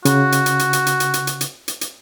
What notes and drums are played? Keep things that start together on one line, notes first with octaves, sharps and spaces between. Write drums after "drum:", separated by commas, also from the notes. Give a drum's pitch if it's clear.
C#3 F#4, drum: hi-hat
drum: hi-hat
drum: hi-hat
drum: hi-hat
drum: hi-hat
drum: hi-hat
drum: hi-hat
drum: hi-hat
drum: hi-hat
drum: hi-hat
drum: hi-hat
drum: hi-hat